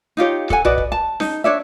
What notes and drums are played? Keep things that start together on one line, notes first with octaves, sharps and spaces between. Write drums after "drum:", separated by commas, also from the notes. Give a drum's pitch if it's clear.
D#4 F4 G4 C#5
A4 F#5 G#5, drum: kick
F#4 B4 D5 D#5, drum: tom B1
drum: kick
A5
D#4, drum: snare C#4
D4 C#5 D5 E5